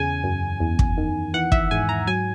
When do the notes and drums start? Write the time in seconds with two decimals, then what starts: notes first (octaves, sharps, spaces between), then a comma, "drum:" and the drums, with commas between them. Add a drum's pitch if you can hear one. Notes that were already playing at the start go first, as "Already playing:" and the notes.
Already playing: E2 C#3 G#5
0.24 F#2
0.60 E2
0.79 drum: kick
0.97 D#3
1.34 E3 F#5
1.52 E5, drum: kick
1.71 G#2 G#5
1.89 A#5
2.07 F#3 G#5